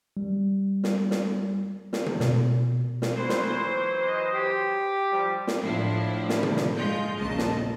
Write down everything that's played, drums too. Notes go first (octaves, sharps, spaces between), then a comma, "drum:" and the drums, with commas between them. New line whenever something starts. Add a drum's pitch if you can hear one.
G3
drum: snare
drum: snare
drum: snare
drum: tom
B2, drum: snare
drum: snare
E3 F#3 C5
drum: snare
D#5
G4
F3 G3
drum: snare
A2 F3 D4 E4
drum: snare
drum: tom
drum: snare
G2 G#3 F4 G6
A#1 D#2 C#3 D#5 A5
drum: snare